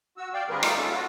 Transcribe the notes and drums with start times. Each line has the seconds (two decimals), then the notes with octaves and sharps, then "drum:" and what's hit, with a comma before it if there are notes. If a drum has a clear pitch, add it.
0.17 F#4 E6
0.34 D5 F5 G5
0.49 D3 G3 C4 G#4 A#4 B4
0.63 D#3 G3 A3 D#4 F4, drum: rim click
0.77 G3 G#3 A#3 C#4 A4 E5
0.90 F4 F#4